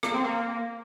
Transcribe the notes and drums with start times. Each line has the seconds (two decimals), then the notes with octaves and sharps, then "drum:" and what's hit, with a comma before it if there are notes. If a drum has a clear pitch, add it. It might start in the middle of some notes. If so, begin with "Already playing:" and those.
0.03 A#3, drum: rim click
0.14 C4
0.24 A#3